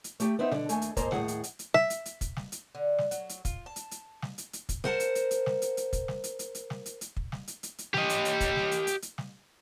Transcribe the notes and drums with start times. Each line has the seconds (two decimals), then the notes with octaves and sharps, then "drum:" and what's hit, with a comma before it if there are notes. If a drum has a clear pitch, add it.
0.04 drum: hi-hat
0.20 A3 G4, drum: hi-hat
0.39 B3 C4 D#4 E5
0.51 B2 D3, drum: snare
0.69 D#2 A3 G#5, drum: hi-hat
0.82 drum: hi-hat
0.97 F2 G#2 A#3 C5 A#5, drum: kick, hi-hat
1.12 D#2 A2 F3 C4 G#4 F#5, drum: snare
1.28 drum: hi-hat
1.44 drum: hi-hat
1.59 drum: hi-hat
1.74 E5, drum: snare
1.90 drum: hi-hat
2.06 drum: hi-hat
2.21 drum: kick, hi-hat
2.36 drum: snare
2.52 drum: hi-hat
2.75 D3
2.98 drum: snare
3.11 F#3, drum: hi-hat
3.29 drum: hi-hat
3.45 F4, drum: kick, hi-hat
3.66 A5
3.76 drum: hi-hat
3.91 drum: hi-hat
4.22 drum: snare
4.38 drum: hi-hat
4.53 drum: hi-hat
4.69 drum: kick, hi-hat
4.84 A#4 C5 F#5 A5, drum: snare
5.00 drum: hi-hat
5.15 drum: hi-hat
5.31 drum: hi-hat
5.46 drum: snare
5.62 drum: hi-hat
5.77 drum: hi-hat
5.93 drum: kick, hi-hat
6.08 drum: snare
6.24 drum: hi-hat
6.39 drum: hi-hat
6.55 drum: hi-hat
6.70 drum: snare
6.86 drum: hi-hat
7.01 drum: hi-hat
7.17 drum: kick
7.32 drum: snare
7.48 drum: hi-hat
7.63 drum: hi-hat
7.79 drum: hi-hat
7.94 G4 D#5, drum: snare
8.09 drum: hi-hat
8.25 drum: hi-hat
8.40 drum: kick, hi-hat
8.56 drum: snare
8.71 drum: hi-hat
8.87 drum: hi-hat
9.02 drum: hi-hat
9.18 drum: snare